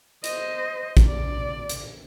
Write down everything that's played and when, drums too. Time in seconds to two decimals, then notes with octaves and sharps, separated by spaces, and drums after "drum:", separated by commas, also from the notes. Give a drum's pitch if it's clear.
0.24 C5 D#5, drum: hi-hat
0.97 drum: kick, hi-hat
1.08 D5
1.69 drum: hi-hat